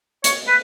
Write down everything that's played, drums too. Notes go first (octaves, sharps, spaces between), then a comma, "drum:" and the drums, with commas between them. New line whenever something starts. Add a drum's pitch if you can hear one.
C#5, drum: hi-hat
B4